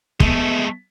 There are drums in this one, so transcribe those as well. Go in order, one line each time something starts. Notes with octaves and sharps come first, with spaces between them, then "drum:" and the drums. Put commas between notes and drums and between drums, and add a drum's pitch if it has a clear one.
G#3 A3 B3, drum: kick